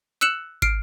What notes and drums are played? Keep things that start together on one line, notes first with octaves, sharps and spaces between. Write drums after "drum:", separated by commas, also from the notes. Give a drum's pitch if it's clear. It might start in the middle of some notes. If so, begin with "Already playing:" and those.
E6 F#6 C#7 E7 F#7
F6 C7 D7, drum: kick